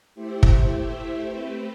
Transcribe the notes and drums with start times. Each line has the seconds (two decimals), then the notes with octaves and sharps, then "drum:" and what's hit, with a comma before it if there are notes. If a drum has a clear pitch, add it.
0.15 A3 E4 G4 C5 E5
0.43 drum: kick
1.27 A3 C4 G4 B4